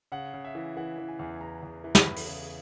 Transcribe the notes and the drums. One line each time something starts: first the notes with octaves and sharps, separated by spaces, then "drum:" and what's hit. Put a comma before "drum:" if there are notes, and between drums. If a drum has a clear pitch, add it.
C#3 F#5
C#3
E5
E3
E3 F#5
E3
G#5
E2
E2 A#5
E2
E3
drum: snare
E2 B5
drum: open hi-hat
C#3